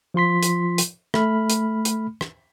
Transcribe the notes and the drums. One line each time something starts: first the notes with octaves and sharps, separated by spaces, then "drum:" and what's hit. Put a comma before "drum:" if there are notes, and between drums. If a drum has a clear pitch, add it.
F3 F4 C6 B6
drum: hi-hat
drum: hi-hat
A3 B5 F6, drum: rim click
drum: hi-hat
drum: hi-hat
drum: rim click